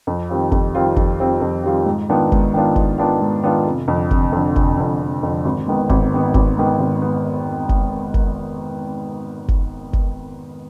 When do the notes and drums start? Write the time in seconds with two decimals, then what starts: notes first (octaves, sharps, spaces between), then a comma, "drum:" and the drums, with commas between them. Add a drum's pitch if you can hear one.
0.07 F2
0.29 D#3 G3 C4 F4
0.52 F2, drum: kick F#1
0.75 D#3 G3 C4 F4
0.96 F2, drum: kick F#1
1.20 D#3 G3 C4 F4
1.41 F2
1.64 D#3 G3 C4 F4
1.86 G#2
2.09 D#3 B3 D4 F4
2.32 G#2, drum: kick F#1
2.54 D#3 B3 D4 F4
2.76 G#2, drum: kick F#1
2.98 D#3 B3 D4 F4
3.21 G#2
3.43 D#3 B3 D4 F4
3.66 F1
3.88 F2 D3
4.11 F1, drum: kick F#1
4.32 F2 D3
4.56 F1, drum: kick F#1
4.77 F2 D3
5.01 F1
5.23 F2 D3
5.45 G#1
5.67 G#2 D#3 B3
5.89 G#1, drum: kick F#1
6.12 G#2 D#3 B3
6.34 G#1, drum: kick F#1
6.57 G#2 D#3 B3
6.80 G#1
7.02 B3
7.69 drum: kick F#1
8.14 drum: kick F#1
9.48 drum: kick F#1
9.93 drum: kick F#1